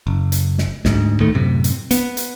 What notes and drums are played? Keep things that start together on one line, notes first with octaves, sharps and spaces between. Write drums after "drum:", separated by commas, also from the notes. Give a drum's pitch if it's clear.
F#1
drum: hi-hat
drum: snare
D2 G#2, drum: snare
D2 A2 D#3 A3
F#2 A2 C3
drum: hi-hat
B3, drum: hi-hat
drum: hi-hat